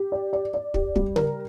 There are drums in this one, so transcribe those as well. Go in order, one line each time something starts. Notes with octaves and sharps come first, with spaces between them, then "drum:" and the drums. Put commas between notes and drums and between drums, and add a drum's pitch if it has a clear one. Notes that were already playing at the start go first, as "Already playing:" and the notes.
Already playing: G4
D5
D5
D5
G4, drum: kick
G3, drum: kick
A#4, drum: tom C#3